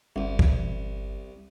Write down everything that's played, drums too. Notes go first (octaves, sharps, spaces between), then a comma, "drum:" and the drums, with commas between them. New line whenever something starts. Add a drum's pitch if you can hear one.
G1 C2 G3
drum: kick